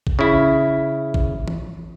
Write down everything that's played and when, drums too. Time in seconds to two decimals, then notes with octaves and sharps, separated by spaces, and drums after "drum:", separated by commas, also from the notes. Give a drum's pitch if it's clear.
0.07 drum: kick A1
0.19 C#3 E4
1.14 drum: kick A1
1.48 drum: tom E3